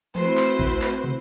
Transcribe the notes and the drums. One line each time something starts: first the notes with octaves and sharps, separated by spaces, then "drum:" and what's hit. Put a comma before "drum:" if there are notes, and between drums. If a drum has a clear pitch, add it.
A3 C4 E4 F#4 B4 C5, drum: tom E3
drum: clap
drum: kick
drum: clap
drum: tom